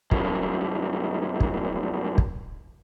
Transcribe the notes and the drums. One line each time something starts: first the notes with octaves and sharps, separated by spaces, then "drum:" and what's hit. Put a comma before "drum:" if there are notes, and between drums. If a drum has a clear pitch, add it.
C2 F#2, drum: kick
drum: kick
drum: kick